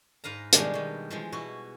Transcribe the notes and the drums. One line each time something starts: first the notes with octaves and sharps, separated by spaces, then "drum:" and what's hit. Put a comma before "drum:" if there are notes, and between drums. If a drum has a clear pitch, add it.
G#2 B4 F5 A#5
B2 D#3 G3 G#3 D4 G#4, drum: hi-hat
B2 D#3
E3 F3 G#3
B2 E4 F#4